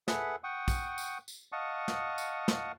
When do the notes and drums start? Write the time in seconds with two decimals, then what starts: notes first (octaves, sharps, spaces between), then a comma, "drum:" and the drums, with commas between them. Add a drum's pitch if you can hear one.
0.08 G#4 A4 B4 E5 F#5, drum: snare
0.44 F#5 G5 C#6 D#6
0.68 drum: kick, tambourine
0.98 drum: tambourine
1.28 drum: tambourine
1.52 D#5 F5 F#5 A5 C#6 D#6
1.88 drum: snare
2.18 drum: tambourine
2.48 drum: snare